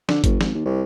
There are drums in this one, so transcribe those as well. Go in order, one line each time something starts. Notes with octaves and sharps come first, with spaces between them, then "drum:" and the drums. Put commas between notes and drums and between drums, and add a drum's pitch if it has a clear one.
D3, drum: snare
F#1, drum: kick G#1, hi-hat
G#1, drum: snare
D#2
C2